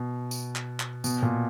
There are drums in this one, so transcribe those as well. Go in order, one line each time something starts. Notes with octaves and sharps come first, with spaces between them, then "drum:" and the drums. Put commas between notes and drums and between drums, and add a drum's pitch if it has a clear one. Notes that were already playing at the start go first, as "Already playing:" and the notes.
Already playing: B2
drum: tambourine
drum: clap
drum: clap
B2, drum: tambourine
A#2